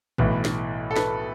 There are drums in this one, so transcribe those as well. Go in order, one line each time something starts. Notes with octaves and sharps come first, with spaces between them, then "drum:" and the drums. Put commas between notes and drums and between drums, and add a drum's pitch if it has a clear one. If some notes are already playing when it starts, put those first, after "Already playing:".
B1 A2 E3 B4, drum: kick
drum: snare
A4
B4, drum: snare